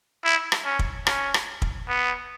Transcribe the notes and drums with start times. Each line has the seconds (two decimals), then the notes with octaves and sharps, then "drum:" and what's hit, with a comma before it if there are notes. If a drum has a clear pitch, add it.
0.24 E4
0.52 drum: rim click
0.65 C#4
0.79 drum: kick
1.07 C#4, drum: rim click
1.34 drum: rim click
1.62 drum: kick
1.89 B3